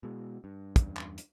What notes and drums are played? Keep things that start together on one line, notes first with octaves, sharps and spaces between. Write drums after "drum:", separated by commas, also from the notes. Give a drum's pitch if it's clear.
B2 G#3
G2
E2 G2, drum: kick, hi-hat
drum: clap
drum: hi-hat